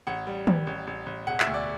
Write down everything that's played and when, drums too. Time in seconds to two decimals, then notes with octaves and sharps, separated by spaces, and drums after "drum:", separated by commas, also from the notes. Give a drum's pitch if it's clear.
0.07 A1 F#5
0.27 G3
0.47 G3, drum: tom D#3
0.67 A1
0.87 A1
1.06 A1
1.27 E1 F#5
1.40 E5, drum: clap
1.47 D2
1.54 D5